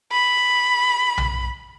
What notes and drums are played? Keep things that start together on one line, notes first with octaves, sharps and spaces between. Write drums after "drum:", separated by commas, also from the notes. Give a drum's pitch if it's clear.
B5
drum: tom B1